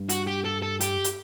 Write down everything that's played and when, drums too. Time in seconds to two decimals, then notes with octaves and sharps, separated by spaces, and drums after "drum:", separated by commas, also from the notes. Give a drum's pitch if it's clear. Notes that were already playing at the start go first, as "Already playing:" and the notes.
Already playing: G2
0.09 F#4, drum: hi-hat
0.27 G4
0.45 A4
0.62 A4
0.81 G4, drum: hi-hat
1.04 drum: hi-hat